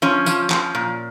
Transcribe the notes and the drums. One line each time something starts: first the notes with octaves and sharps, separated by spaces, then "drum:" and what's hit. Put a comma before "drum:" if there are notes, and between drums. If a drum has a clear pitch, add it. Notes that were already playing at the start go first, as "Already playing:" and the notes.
F3 C#4
F3, drum: tambourine
F3, drum: clap
A#2